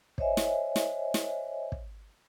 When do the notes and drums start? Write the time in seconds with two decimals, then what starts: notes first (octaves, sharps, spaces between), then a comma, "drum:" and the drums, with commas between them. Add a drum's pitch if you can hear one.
0.18 C5 C#5 D#5 E5 G#5, drum: kick
0.37 drum: snare
0.76 drum: snare
1.14 drum: snare
1.72 drum: kick